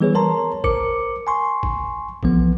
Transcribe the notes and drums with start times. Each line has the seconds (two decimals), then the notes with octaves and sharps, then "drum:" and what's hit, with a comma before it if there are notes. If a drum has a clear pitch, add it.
0.01 E3 G3 B3 G#4 B4 C#5
0.15 A#4 C#5 A5 A#5 C6
0.64 A#4 C5 D6 C#7, drum: kick
1.27 G#5 C6 C#6
1.63 drum: kick
2.23 B1 E3 F3 B3, drum: kick